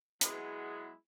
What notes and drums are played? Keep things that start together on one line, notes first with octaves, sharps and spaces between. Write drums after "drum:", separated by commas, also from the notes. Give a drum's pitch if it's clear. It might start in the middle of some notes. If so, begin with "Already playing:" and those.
F#3 G#3 B3 E4 G#4, drum: hi-hat